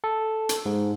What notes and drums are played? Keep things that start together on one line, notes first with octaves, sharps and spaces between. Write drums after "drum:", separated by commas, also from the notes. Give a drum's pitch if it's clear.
A4
drum: hi-hat
G#2